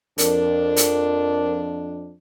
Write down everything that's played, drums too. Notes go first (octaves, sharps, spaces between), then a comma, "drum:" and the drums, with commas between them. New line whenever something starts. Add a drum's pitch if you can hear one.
F2 D4 A#4, drum: hi-hat
drum: hi-hat